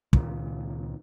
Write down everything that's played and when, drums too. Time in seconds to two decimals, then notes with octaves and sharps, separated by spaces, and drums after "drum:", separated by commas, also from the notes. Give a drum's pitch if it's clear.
0.13 C#2 A#2 D#3, drum: kick